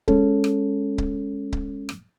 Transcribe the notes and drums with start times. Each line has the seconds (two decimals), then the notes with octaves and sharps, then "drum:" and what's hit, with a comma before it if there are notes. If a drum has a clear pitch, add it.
0.08 G#3 C#4 A4, drum: kick C#1
0.44 drum: rim click
0.98 drum: kick C#1
1.53 drum: kick C#1
1.89 drum: rim click